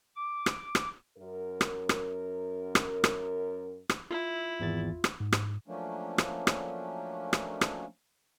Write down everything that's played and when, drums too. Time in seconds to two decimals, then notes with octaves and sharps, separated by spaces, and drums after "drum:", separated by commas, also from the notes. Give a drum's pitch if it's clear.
0.16 D6
0.46 drum: rim click
0.75 drum: rim click
1.18 F#2 A#4
1.61 drum: rim click
1.89 drum: rim click
2.75 drum: rim click
3.04 drum: rim click
3.89 drum: rim click
4.11 E4 F4
4.60 G#1 E2 A6
5.04 drum: rim click
5.20 G#2
5.32 drum: rim click
5.68 F3 F#3 A3 A#3 C#4 D4
6.18 drum: rim click
6.47 drum: rim click
7.33 drum: rim click
7.61 drum: rim click